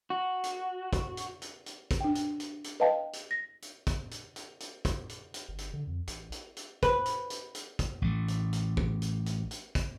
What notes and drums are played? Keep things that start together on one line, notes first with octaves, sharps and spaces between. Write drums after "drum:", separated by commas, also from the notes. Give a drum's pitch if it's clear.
F#4
drum: hi-hat
drum: kick, hi-hat
drum: hi-hat
drum: hi-hat
drum: hi-hat
drum: kick, hi-hat
D4 G5
drum: hi-hat
drum: hi-hat
drum: hi-hat
B4 D#5 F5 G5 A5
drum: hi-hat
A#6
drum: hi-hat
drum: kick, hi-hat
drum: hi-hat
drum: hi-hat
drum: hi-hat
drum: kick, hi-hat
drum: hi-hat
drum: hi-hat
G1
drum: hi-hat
D3
F2
A1, drum: hi-hat
drum: hi-hat
drum: hi-hat
B4, drum: kick, hi-hat
drum: hi-hat
drum: hi-hat
drum: hi-hat
drum: kick, hi-hat
A1 A3
drum: hi-hat
drum: hi-hat
drum: kick
drum: hi-hat
drum: hi-hat
drum: hi-hat
drum: kick, hi-hat